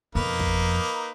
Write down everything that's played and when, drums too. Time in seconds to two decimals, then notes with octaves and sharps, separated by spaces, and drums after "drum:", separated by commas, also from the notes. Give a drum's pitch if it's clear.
0.15 F2 B2 A#3 D#4 B4
0.39 drum: kick